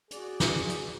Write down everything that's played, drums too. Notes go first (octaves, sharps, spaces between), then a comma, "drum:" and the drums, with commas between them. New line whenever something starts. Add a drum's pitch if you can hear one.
F#4 G#4 D5, drum: hi-hat
drum: snare
drum: hi-hat